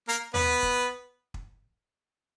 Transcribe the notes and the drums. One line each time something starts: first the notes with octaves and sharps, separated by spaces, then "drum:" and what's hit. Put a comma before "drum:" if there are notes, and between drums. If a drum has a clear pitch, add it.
A#3 A#4
B3 B4, drum: tom D#2
drum: kick
drum: kick